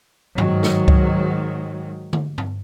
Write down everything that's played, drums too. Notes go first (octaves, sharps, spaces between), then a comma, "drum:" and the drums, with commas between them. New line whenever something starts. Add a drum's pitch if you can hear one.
G#2 D#3 F#3, drum: tom G2
drum: snare
drum: kick C#2
drum: tom D3
drum: tom G2